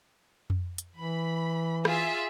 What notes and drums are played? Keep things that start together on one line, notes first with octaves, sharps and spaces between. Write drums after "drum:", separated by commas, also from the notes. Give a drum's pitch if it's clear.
drum: tom F2
drum: hi-hat
E3 B5
F4 G#4 E5, drum: rim click